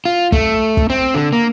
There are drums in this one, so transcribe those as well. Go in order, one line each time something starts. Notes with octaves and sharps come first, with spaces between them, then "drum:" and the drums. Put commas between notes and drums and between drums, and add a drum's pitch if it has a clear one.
F4
A3, drum: kick
drum: kick
C4
D3
A#3